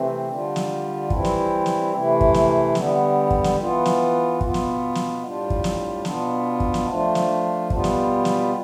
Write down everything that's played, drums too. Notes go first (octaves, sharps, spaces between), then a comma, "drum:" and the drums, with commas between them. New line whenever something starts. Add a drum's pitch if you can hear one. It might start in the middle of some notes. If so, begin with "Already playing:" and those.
Already playing: C3 E3 A3 C4
D3 G3 D4 F4
drum: snare
E3 G3 C4 E4, drum: kick
drum: snare
drum: snare
C3 E3 A3 E4
drum: kick
drum: snare
D3 G3 B3, drum: snare
drum: kick
drum: snare
E3 B3 F4
drum: snare
B2 B3 F4, drum: kick
drum: snare
drum: snare
A2 G3 D4 F4
drum: kick
drum: snare
B2 B3 D4 F4, drum: snare
drum: kick
drum: snare
F3 A3 D4 F4
drum: snare
B2 G3 B3 F4, drum: kick
drum: snare
drum: snare